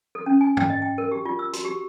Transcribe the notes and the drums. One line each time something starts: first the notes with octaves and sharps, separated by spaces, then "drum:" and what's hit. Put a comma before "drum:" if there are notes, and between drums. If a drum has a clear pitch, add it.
A4
C#4
G#5
G5, drum: tom
D#5
G5
A#4
G4
F4
E6
F#4, drum: hi-hat
G4